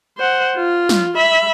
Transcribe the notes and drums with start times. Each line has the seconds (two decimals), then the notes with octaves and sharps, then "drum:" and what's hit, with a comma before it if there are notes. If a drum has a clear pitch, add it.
0.18 C5 F#5
0.57 F4
0.89 drum: snare
1.16 E5 B5